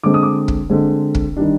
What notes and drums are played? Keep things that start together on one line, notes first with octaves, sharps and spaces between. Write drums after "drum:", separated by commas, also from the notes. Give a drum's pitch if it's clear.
D3 G#3 C4 D6
D#6
D6
drum: kick
D3 G#3 C4
drum: kick
D#3 G3 D4